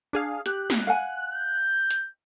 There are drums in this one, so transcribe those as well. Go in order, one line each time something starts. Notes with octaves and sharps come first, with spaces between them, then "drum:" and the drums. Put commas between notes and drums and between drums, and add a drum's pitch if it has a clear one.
D4 G#4 F5
G4 F#6, drum: hi-hat
drum: snare
F5 F#5 G#5
G6
drum: hi-hat